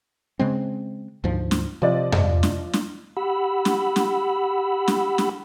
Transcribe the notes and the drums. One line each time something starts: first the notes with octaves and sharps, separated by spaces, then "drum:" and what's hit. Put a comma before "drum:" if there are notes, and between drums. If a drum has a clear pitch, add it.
C#3 G#3 C4
D2 G#2 F3
drum: snare
C3 F3 D5 D#5
drum: tom F2
drum: snare
drum: snare
G4 F#5 B5 E6
drum: snare
drum: snare
drum: snare
drum: snare